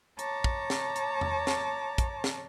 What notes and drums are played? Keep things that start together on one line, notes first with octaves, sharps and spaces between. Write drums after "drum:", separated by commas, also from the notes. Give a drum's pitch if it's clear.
C#5 A5 A#5 D6, drum: hi-hat
drum: kick
drum: snare
drum: hi-hat
drum: tom E2
drum: snare
drum: kick, hi-hat
drum: snare